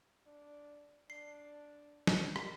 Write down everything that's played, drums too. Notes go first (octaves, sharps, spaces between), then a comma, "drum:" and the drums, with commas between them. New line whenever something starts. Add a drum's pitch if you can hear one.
D4
D4 C7
drum: snare
G3
drum: rim click